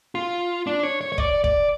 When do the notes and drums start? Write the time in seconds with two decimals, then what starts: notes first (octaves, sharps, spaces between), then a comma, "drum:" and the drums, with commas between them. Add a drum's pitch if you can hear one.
0.15 F4
0.67 D4
0.83 C#5
1.01 C#5
1.12 C#5
1.18 D5, drum: kick
1.44 D5, drum: kick